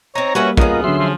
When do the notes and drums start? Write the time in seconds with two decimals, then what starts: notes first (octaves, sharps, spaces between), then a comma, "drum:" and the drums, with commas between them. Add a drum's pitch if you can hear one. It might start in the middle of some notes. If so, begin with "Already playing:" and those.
0.15 C4 D#4 C#5 A#5
0.35 G3 A#3 C#4 F#4 B4 E5
0.57 B3 C#4 F4 G#4 A#4 D#5, drum: kick
0.84 D3 F#3 E5 C6
0.98 F3